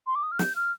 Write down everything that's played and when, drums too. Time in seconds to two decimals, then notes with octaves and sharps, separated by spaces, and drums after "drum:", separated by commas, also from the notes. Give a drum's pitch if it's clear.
0.07 C6
0.15 D6
0.23 D#6
0.32 F6
0.39 G6, drum: snare
0.56 F6